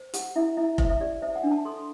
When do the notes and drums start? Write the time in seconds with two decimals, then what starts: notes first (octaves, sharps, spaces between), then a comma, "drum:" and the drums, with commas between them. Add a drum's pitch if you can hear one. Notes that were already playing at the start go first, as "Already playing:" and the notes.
Already playing: C5
0.14 G4 F#5, drum: hi-hat
0.36 E4 E5
0.57 E4 E5
0.78 C5 E5, drum: kick F1
0.90 E5
1.00 G4 D5
1.22 C5 E5
1.36 F#5
1.43 D4
1.51 A5
1.65 A4 C6